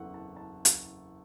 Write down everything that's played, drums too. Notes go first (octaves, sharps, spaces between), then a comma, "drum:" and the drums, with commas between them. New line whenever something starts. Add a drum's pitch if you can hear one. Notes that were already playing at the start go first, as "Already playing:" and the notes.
Already playing: F#1 E2 E3 A4 F#5
A5
A5
drum: hi-hat